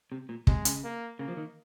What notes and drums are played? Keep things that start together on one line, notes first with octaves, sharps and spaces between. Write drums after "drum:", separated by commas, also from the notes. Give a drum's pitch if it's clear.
C3
A#2
C3 G#3, drum: kick
C#3, drum: hi-hat
A#3
C#3 A#3
F3
D#3